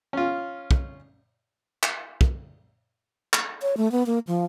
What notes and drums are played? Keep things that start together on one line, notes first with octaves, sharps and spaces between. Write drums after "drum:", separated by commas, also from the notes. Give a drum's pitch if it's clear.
C#4 F4
drum: kick
drum: clap
drum: kick
drum: clap
C#5
A3
B3
A#3
F3